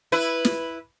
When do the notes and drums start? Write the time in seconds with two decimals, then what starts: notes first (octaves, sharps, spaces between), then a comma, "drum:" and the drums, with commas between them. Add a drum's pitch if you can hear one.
0.12 E4 B4
0.45 drum: snare